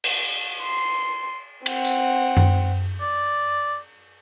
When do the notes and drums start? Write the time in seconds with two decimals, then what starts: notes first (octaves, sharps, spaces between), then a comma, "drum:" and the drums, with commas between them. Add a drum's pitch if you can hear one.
0.04 drum: cymbal
0.62 C6
1.66 C4 F#5, drum: cymbal
1.84 drum: tambourine
2.37 drum: tom F#2
3.00 D5